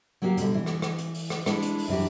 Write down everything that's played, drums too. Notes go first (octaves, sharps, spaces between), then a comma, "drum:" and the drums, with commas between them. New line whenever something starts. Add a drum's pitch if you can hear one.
F#3 A#3 F#4 G4 E5 F5
B2 D3 G3, drum: hi-hat
E3
drum: rim click
drum: rim click
drum: hi-hat
drum: open hi-hat
drum: rim click
G#3 D4 E4, drum: rim click
drum: hi-hat
drum: open hi-hat
F#2 E3 D4 G4